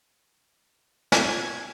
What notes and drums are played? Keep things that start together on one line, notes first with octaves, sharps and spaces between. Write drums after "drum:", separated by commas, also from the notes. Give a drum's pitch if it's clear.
G3 C4 G5 G#6, drum: snare